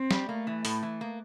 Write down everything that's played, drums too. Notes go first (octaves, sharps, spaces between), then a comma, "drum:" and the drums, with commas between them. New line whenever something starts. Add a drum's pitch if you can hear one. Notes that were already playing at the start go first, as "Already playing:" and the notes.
Already playing: C4
G3, drum: snare
A3 A#3
E3
A2, drum: open hi-hat
E3
A#3